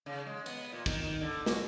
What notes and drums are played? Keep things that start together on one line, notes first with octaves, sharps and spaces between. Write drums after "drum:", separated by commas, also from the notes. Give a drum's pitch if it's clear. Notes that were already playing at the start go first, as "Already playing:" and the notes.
C#3
G#3
B3, drum: cymbal
A#2
D#3, drum: kick, cymbal
D#3
D3
F#4, drum: snare